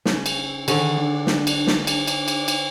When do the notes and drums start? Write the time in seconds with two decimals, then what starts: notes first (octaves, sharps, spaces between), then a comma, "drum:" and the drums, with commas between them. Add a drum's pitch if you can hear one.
0.05 C#3, drum: snare
0.26 drum: cymbal
0.68 D3 D#3 G#4 C#5, drum: cymbal
0.98 D4
1.27 drum: snare
1.47 drum: cymbal
1.67 drum: snare
1.87 drum: cymbal
2.08 drum: cymbal
2.28 drum: cymbal
2.48 drum: cymbal